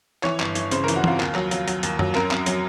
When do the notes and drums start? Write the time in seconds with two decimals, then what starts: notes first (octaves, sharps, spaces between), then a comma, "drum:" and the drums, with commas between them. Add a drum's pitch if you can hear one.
0.23 E3 C#5, drum: clap
0.40 G1, drum: clap
0.55 E3, drum: hi-hat
0.71 C#3 C5, drum: hi-hat
0.84 A#4
0.88 E3, drum: hi-hat
0.96 F#4
1.04 F2 F4, drum: tom E3
1.20 D#2, drum: clap
1.35 F#3, drum: clap
1.51 F#3, drum: hi-hat
1.68 F#3, drum: hi-hat
1.83 D#2, drum: hi-hat
1.99 F#3, drum: tom F#2
2.15 F#2 A#4, drum: clap
2.31 F#2, drum: clap
2.46 F#3, drum: hi-hat